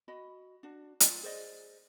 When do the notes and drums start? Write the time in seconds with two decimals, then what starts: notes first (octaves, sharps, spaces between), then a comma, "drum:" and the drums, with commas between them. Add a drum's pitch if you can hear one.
0.08 F#4 D#5 B5
0.63 D4 F#4
1.00 F4 D5, drum: hi-hat
1.23 G#4 C5 D5 D#5